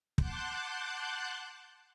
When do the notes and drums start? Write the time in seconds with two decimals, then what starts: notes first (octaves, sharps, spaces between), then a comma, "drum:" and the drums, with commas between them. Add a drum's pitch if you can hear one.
0.18 F#5 A5 C6 D6 F#6 G6, drum: kick